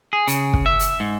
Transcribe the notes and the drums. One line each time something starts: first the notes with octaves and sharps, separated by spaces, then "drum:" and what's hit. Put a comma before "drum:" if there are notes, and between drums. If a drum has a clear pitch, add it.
G#4
C#3, drum: hi-hat
drum: kick
E5
drum: hi-hat
G#2